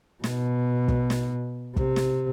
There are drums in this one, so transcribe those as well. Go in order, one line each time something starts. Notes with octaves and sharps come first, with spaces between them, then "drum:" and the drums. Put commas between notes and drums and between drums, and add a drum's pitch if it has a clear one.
B2, drum: snare
drum: kick
drum: snare
C3, drum: kick
drum: snare